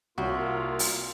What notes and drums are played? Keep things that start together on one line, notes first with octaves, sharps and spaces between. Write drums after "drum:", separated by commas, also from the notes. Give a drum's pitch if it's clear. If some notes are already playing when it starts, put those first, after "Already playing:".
C2 A#3 F4 F#4
drum: open hi-hat